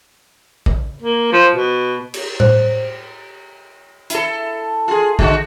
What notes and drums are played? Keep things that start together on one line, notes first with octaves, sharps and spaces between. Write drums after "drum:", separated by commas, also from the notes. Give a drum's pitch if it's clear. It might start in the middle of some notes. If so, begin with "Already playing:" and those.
drum: kick
A#3
F3
B2
drum: cymbal
C5, drum: tom A2
E4 A4, drum: hi-hat
F4 G#4
D3 G#3 F#4, drum: kick